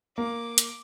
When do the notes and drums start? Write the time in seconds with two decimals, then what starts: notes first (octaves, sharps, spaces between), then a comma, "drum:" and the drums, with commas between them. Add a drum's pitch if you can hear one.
0.18 A#3 D6
0.58 drum: hi-hat